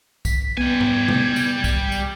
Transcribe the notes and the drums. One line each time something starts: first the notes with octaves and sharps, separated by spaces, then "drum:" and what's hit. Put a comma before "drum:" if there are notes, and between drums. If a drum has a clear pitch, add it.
B6, drum: kick B1, tambourine
G3 B3 G#5 G#6
drum: tom G#2
drum: tom B2
drum: tambourine
drum: kick B1, tambourine
drum: tambourine